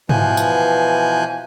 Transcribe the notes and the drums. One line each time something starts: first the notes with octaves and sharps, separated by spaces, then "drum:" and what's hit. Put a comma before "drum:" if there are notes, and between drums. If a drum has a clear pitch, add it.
B2 E3 F3 G#5 F#6 G6, drum: tom G#2
drum: tambourine